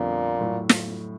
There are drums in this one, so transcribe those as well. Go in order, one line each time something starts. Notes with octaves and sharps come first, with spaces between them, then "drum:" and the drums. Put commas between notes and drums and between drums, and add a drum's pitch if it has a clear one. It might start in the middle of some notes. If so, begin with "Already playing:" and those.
Already playing: F2 A#2 D3 G3 B3
A2 F#3 A3
drum: snare